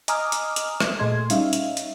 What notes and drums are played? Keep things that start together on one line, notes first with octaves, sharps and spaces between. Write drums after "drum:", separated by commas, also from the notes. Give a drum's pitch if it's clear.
D#5 G#5 A#5 D6 D#6 F6, drum: hi-hat
drum: hi-hat
drum: hi-hat
drum: rim click
A#2 A3 G#4 D#5 C6 G#6
G3 C#4 D#4 E5 F5, drum: hi-hat
drum: hi-hat
drum: hi-hat